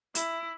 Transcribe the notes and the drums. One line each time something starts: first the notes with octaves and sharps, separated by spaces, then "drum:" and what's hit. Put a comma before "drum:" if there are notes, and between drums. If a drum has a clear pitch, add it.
E4, drum: hi-hat